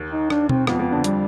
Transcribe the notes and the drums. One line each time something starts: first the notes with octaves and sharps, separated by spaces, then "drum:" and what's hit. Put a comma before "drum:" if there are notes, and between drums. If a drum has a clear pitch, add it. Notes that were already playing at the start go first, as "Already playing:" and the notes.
Already playing: D#2 D#3
D#4
D4, drum: rim click
C4, drum: tom B2
F2 F3 B3, drum: rim click
F2 F3
D3 D4
G3, drum: hi-hat